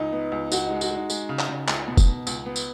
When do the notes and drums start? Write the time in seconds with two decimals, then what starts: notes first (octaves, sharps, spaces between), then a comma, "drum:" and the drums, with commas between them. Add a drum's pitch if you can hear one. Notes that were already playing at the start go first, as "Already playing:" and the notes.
Already playing: C#2 D#4
0.13 B3
0.32 C#2
0.52 C#2 F#4, drum: tambourine
0.66 G#3 D#4
0.81 F#4, drum: tambourine
0.91 G#3 D#4
1.10 G#3, drum: tambourine
1.29 C#3
1.39 drum: clap
1.48 C#3
1.68 C#2, drum: clap
1.88 B2
1.97 drum: kick F1, tambourine
2.07 B2
2.27 C#2, drum: tambourine
2.46 B3
2.56 drum: tambourine